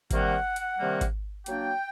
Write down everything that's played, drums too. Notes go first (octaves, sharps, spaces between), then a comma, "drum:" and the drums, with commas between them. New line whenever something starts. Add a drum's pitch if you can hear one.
C3 D#3 G3 A#3 F#5, drum: kick G#1, hi-hat
drum: hi-hat
C3 D#3 G3 A#3
drum: kick G#1, hi-hat
F#3 A#3 D4 G5, drum: hi-hat